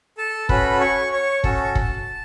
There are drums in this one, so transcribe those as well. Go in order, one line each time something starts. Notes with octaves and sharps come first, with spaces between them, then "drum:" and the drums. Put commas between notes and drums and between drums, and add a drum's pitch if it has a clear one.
A4 A5
C#4 F#4 A4 B4 B5, drum: kick
C#5 C#6
C#5 C#6
C#4 F#4 A4 A5, drum: kick
drum: kick